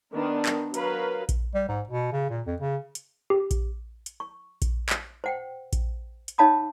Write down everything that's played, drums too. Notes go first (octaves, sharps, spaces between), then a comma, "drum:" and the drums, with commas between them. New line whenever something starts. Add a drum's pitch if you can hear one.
D#3 B3 D4 A#4
drum: clap
F#3 A#4 B4 F5, drum: hi-hat
drum: kick A#1, hi-hat
G3
G#2
B2
C#3
A#2
F2
C#3
drum: hi-hat
G4
drum: kick A#1, hi-hat
drum: hi-hat
C#6
drum: kick A#1, hi-hat
drum: clap
C5 F#5 G5
drum: kick A#1, hi-hat
drum: hi-hat
D#4 C#5 F5 A5 B5 D#6